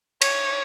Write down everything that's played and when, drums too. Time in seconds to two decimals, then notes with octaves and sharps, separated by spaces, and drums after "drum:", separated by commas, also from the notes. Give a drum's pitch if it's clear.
0.22 C#5, drum: cymbal